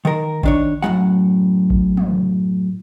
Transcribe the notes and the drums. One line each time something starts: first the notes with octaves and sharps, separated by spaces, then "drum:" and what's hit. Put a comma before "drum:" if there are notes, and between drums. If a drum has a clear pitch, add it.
D#3 A#4
D#3 D4 C#5, drum: kick A1
F#2 A2 G#3 F#5
drum: kick A1
drum: tom